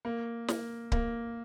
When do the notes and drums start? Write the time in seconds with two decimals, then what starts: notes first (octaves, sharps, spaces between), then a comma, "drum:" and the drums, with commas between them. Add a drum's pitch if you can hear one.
0.05 A#3
0.48 A#3, drum: snare
0.92 A#3, drum: kick C#1